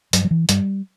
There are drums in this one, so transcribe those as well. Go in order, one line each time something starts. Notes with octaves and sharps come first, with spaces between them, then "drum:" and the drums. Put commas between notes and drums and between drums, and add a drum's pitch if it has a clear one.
G2 F#3, drum: hi-hat
F#3
E3
G2 G3, drum: hi-hat